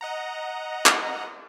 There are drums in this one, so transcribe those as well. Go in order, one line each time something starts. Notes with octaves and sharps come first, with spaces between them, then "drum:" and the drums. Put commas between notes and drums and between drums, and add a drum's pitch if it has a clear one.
D#5 F#5 A#5
drum: clap